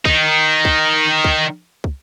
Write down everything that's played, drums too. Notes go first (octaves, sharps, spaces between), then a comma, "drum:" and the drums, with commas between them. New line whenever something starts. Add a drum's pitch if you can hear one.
D#3 D#4, drum: kick
drum: kick
drum: kick
drum: kick